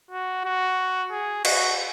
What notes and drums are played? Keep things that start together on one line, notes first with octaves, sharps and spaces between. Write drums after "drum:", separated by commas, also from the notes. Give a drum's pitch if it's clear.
F#4
F#4
G#4
F#4, drum: cymbal